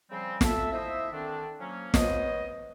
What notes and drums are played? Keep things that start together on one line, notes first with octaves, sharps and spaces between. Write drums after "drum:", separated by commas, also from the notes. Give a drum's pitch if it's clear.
C#3 F3 G3 C4
A4 E5, drum: snare
F3 E4 C5 D#5 E5
D3 D#3 C4 D4
F3 F#3 A#3 C#4
B3 C5 C#5 D#5, drum: snare